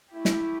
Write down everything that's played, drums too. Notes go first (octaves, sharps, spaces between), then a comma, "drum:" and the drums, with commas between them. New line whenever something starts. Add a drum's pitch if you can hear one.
A3 D4 E4 G4
drum: snare